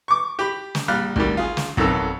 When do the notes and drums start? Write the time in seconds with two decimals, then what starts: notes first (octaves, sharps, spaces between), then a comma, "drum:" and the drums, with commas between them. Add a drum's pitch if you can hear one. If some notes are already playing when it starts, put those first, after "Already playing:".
0.08 C#6 D6
0.39 G4 B5
0.75 drum: snare
0.88 A#1 G3 F5 F6 F#6
1.16 D2 D#3 G3, drum: kick
1.37 F4 G#4
1.57 drum: snare
1.77 B1 F2 D#3 F#3 A4 E6, drum: kick